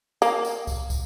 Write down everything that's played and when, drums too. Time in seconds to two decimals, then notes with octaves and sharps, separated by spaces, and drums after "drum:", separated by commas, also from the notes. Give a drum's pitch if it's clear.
0.22 A#3, drum: tambourine
0.45 drum: tambourine
0.67 drum: kick, tambourine
0.90 drum: kick, tambourine